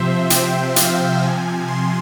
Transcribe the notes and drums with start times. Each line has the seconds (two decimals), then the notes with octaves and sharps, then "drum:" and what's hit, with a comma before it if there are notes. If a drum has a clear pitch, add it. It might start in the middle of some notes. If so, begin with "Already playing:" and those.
Already playing: C3 F3 C5 E5
0.30 G5, drum: hi-hat
0.76 F5, drum: hi-hat
1.22 C3 F3 G#5
1.68 C6